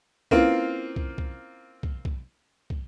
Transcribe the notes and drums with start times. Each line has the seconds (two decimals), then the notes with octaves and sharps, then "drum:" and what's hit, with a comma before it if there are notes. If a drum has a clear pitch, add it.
0.31 A#3 C4 C#4 E4 F4 B4, drum: kick
0.96 drum: kick
1.18 drum: kick
1.83 drum: kick
2.05 drum: kick
2.70 drum: kick